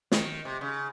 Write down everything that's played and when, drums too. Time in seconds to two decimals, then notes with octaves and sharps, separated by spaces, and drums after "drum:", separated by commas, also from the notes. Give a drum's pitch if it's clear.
0.12 D#3, drum: snare
0.45 C3
0.61 C#3